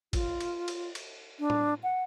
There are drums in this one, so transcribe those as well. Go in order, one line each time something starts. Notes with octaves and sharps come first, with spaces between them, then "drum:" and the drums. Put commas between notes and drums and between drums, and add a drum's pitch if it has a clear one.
F4, drum: kick, cymbal
drum: cymbal
drum: cymbal
drum: cymbal
D4
drum: tom A2
F#5